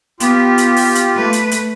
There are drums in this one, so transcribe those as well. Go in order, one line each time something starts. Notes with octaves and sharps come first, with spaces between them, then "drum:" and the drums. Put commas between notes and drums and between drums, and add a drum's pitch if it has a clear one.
B3 F4 G4, drum: hi-hat
drum: hi-hat
drum: open hi-hat
drum: hi-hat
A3 B4
drum: hi-hat
drum: hi-hat